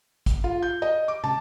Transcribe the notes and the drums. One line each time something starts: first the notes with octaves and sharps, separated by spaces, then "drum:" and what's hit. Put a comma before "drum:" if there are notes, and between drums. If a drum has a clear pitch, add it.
drum: kick, hi-hat
F4
G6
D#5
D6
A5, drum: tom